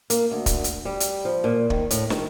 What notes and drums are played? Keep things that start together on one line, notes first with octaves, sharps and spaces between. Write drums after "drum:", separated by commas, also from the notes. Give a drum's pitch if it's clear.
A#3, drum: hi-hat
D2
drum: kick, hi-hat
drum: hi-hat
G3
drum: hi-hat
F3
A#2
D#3, drum: kick
A2, drum: hi-hat
D#3, drum: snare